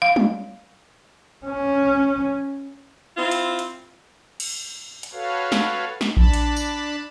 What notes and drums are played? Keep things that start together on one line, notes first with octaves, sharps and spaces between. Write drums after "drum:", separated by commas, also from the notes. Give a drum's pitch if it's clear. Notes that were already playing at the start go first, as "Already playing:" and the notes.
F5
drum: tom
C#4
C4 E4 F4
drum: hi-hat
drum: hi-hat
drum: cymbal
drum: hi-hat
F#4 A4 B4 C#5 F5
drum: snare
drum: snare
D4 A5 B5, drum: kick A#1
drum: hi-hat
drum: tambourine